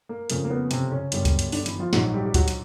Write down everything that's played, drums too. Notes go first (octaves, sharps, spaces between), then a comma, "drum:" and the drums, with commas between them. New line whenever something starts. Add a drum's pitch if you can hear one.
A#3
F2 C#3 F3 A3 A#3, drum: hi-hat
A#3
B3
C3 C4, drum: hi-hat
C#3 C#4
G1 F#2 D3 G3, drum: hi-hat
drum: kick C#2, hi-hat
drum: hi-hat
D3 D4, drum: open hi-hat
E3 E4, drum: hi-hat
F3 F4
A#1 G#2 D#3 F#3 F#4, drum: snare
G3 G4
G4
F#3 F#4, drum: kick C#2, hi-hat
drum: hi-hat